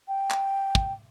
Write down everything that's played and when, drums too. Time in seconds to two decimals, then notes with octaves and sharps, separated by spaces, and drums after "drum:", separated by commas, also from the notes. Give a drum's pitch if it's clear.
0.08 G5
0.30 drum: clap
0.75 drum: kick